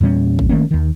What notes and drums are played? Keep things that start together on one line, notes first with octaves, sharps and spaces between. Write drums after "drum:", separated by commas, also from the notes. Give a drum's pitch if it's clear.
E2 A#2 G3 C#4
drum: kick
D#3 A3 A#3 C#4
D#2 D#3